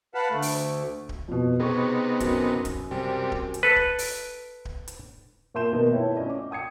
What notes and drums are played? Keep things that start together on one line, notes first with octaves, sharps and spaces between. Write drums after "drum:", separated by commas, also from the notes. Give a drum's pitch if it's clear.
B4 F5 F#5 A5 B5
D2 A3
drum: open hi-hat
drum: kick D1
F2 B2
C3 B3 D#4 G#4 C#6
F#2, drum: kick D1, hi-hat
drum: kick D1, hi-hat
C3 G3
drum: kick D1
drum: hi-hat
A4 B4
drum: kick D1
drum: open hi-hat
drum: kick D1
drum: hi-hat
A#2 A#3 E5 C6 G6 E7
B2 D#3 A#3
A3 E4 B4 C#5 E5 G5
C#4 D5 D#5
D6
G5 D#6 G#6 C#7